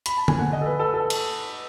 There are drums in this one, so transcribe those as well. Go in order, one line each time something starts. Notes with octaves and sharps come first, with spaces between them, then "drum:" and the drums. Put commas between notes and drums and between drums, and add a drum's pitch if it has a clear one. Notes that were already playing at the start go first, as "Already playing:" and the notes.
B5, drum: hi-hat
A5
G#5, drum: tom D3
F#5
D#5
A4
B4
A4
A4
drum: cymbal